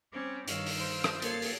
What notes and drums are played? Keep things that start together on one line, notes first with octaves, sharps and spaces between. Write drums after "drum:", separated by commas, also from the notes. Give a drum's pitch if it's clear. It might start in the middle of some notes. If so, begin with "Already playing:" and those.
G3 C4 C#4 C5 D6
G2 D#3 C#5 F5 E6, drum: hi-hat
drum: open hi-hat
C5
drum: rim click
A#3 A4 C#5 A6 C7, drum: hi-hat
drum: open hi-hat